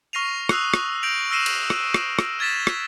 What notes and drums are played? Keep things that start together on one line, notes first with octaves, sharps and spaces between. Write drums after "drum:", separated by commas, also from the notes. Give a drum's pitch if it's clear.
C#6 F6 A#6 C7 D#7 F7
D#6 E6 F#6 C7, drum: rim click
drum: rim click
G6 A#6 D7 F7 F#7
E6 F6 A#6 C7 D#7 E7
drum: cymbal
drum: rim click
drum: rim click
drum: rim click
F6 G#6 A6 B6 E7
drum: rim click